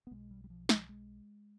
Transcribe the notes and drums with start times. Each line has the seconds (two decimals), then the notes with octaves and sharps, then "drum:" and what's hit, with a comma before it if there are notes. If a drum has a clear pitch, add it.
0.07 B3
0.11 B1 B2 G#3
0.31 G3
0.44 G3
0.50 F3
0.69 F3, drum: snare
0.89 G#3